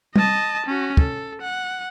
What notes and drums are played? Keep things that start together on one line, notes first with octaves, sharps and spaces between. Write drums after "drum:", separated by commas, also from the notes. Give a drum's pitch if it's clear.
D#5 A5, drum: tom G3
C#4 F#4
A4, drum: kick
F#5